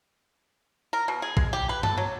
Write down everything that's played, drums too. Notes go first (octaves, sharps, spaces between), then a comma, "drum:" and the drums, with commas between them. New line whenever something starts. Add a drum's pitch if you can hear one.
A#4
B2
G#4
G#3, drum: kick
G4
B4
A4, drum: tom G2
F#3